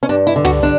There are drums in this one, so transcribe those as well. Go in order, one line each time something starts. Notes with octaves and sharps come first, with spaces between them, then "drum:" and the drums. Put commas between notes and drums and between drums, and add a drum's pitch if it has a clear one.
C#4
G2 D4
E4
D3
F#4, drum: tom
D3 D4